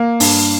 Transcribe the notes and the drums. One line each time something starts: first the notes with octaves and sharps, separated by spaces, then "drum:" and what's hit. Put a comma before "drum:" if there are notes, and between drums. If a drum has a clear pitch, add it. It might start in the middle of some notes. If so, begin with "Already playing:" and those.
Already playing: A#3
G2, drum: open hi-hat